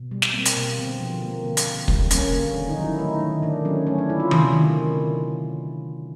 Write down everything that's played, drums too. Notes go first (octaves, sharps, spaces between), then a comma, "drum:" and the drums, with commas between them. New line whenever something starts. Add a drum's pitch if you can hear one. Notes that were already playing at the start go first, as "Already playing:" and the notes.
Already playing: B2
G3
drum: snare
A#3 C4
drum: hi-hat
B2
D3 C4
F3
A#3
D3
drum: hi-hat
D3
G3, drum: kick
A#3 C#4, drum: hi-hat
D3
D#3
D#4
F#3
E4
A3 D#4
D#3
D3 D4
F#3 C#4
A3 C#4
D4
D3 E4
F4
C3, drum: tom D#3
D#3